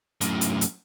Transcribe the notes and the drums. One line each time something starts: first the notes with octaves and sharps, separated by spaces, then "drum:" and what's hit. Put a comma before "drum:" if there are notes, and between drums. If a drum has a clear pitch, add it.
F#2 A2, drum: hi-hat
drum: hi-hat
drum: hi-hat